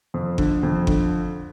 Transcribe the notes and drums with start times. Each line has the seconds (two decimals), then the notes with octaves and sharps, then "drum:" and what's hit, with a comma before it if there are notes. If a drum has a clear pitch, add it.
0.14 F2
0.38 D3, drum: kick G1
0.63 F2
0.87 D3, drum: kick G1